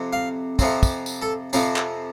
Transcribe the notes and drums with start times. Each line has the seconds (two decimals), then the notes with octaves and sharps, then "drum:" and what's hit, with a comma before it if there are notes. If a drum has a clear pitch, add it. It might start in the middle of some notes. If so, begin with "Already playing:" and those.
Already playing: F2 C3 C4
0.13 F5
0.59 F2 C3 F3 C4, drum: kick, tambourine
0.83 drum: kick, tambourine
1.06 drum: tambourine
1.22 A4
1.53 F2 C3 F3 C4, drum: tambourine
1.76 drum: clap